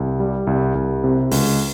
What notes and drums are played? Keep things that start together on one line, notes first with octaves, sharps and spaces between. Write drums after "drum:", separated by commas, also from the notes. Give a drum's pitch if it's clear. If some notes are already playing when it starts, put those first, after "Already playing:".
Already playing: C2
G3
C2
C2
C3
C#2, drum: open hi-hat